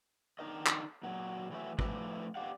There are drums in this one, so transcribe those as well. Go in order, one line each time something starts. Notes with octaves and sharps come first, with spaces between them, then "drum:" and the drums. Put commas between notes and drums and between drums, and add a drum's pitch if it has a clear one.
D4 D#4 A#4 D#5
drum: clap
A#2 F#3 F#4
E3 F#3 A3 F#4 B4 E5
F3 A3 B3 D4 E4 B4, drum: kick
G4 D5 F5 F#5